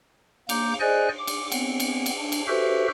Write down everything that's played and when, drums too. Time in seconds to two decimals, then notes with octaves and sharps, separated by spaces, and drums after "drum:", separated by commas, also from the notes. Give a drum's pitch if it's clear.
0.49 A#3 A#5 D6 G6, drum: cymbal
0.80 G#4 C5 D5 D#5 G#5 F#6
1.18 D6
1.27 drum: cymbal
1.52 B3 C4, drum: cymbal
1.80 drum: cymbal
2.06 drum: cymbal
2.19 D4
2.32 drum: cymbal
2.48 F#4 G4 A4 B4 C5 E5